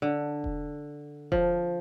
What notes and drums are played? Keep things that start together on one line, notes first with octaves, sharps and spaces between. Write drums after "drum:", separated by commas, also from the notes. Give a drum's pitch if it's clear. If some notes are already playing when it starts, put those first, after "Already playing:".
D3
drum: kick E1
F3, drum: kick E1